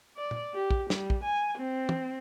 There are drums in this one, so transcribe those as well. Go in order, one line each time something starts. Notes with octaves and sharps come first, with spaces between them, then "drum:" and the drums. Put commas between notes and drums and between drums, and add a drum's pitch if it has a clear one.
D5
drum: tom A#2
G4
drum: kick
G3, drum: snare
drum: kick
G#5
C4
drum: tom